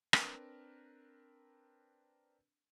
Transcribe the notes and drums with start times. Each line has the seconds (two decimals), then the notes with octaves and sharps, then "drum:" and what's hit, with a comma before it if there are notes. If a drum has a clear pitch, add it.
0.13 C4 D4 A#4 B4, drum: rim click